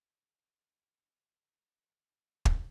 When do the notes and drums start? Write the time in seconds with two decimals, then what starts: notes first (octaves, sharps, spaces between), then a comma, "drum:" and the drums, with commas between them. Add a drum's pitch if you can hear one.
0.24 F#4 A#4 D5 E5 G#5
1.16 A#4 C5 D#5 E5 G5 G#5
1.54 A#2 F3 B3 C#4 B4 A5
2.45 drum: kick